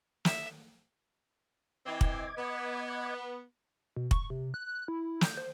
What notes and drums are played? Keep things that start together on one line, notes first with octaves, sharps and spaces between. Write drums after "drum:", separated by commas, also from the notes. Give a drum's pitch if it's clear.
E5, drum: snare
E3 C4 D#5 D6 G#6
drum: kick
B3
B2
C#6, drum: kick
C3
F#6
E4
G6, drum: snare
C5